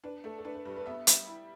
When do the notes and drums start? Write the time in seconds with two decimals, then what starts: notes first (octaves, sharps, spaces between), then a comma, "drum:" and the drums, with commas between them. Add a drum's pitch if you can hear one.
0.04 D4 B4
0.24 A3 A4
0.38 A4
0.45 D4 B4
0.55 B4
0.65 G2 B4
0.77 B4
0.86 B3 E5
1.07 G3, drum: hi-hat
1.27 E4